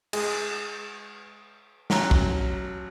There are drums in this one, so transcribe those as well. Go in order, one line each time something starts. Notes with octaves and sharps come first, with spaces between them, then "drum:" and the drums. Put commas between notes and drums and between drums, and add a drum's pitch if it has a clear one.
G#3, drum: cymbal
A1 F#3 A#5, drum: snare
drum: kick